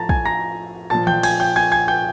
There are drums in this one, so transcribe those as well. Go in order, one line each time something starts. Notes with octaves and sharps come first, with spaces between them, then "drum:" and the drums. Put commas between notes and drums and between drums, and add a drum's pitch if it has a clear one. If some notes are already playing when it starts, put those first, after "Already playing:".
Already playing: A2 F3 A5 A#5 A6 A#6
G#5 G#6, drum: kick
A#5 A#6
A#2 F3 A5 A6
G5 G6, drum: tom D#3
G#5 G#6, drum: cymbal
G5 G6
G#5 G#6
G#5 G#6
G5 G6